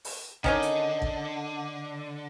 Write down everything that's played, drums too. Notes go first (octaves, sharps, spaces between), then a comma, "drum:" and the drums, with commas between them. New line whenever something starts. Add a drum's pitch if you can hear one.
drum: open hi-hat
D3 D#3 C#4 D#4, drum: kick A1
drum: hi-hat
drum: kick A1